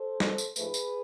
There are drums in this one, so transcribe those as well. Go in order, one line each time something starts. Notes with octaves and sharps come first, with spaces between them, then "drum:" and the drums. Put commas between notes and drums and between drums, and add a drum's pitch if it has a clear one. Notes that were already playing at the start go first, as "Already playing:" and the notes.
Already playing: A4 C5
E2 C3 F3 G#3, drum: snare
drum: tambourine
G#2 F3 A3 G#4 B4, drum: tambourine
drum: tambourine